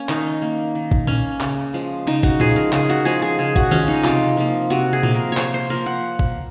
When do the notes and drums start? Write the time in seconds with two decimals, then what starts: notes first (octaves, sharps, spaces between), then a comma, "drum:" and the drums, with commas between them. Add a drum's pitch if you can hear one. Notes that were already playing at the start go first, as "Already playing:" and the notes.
Already playing: A#3 C#4
0.09 D#3 D#4, drum: clap
0.42 A#3
0.75 D#3
0.91 drum: kick
1.07 A#3 C#4, drum: tom
1.41 C#3, drum: clap
1.74 F3 G#3
2.07 C#3 D#4
2.23 F#4, drum: kick
2.40 F3 G#3 G#4, drum: tom
2.56 A#4
2.73 C#3 G#4, drum: clap
2.90 F#4
3.05 F3 G#3 G#4
3.22 G#4
3.39 C#3 G#4
3.56 F#4, drum: kick
3.71 F3 G#3 C#4, drum: tom D#3
3.88 D#4
4.04 C3 F4, drum: clap
4.37 F3 A#3
4.70 C3 F#4
4.93 G#4
5.03 F3 A#3, drum: tom
5.15 A#4
5.32 C#5
5.37 C3 C5, drum: clap
5.54 C5
5.70 F3 A#3 A#4
5.86 F#5
6.19 drum: kick